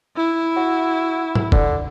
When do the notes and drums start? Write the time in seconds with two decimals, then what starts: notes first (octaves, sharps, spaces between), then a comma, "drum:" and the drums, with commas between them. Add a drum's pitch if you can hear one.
0.17 E4
0.56 F#4
1.35 drum: tom G#2
1.52 D3, drum: kick F1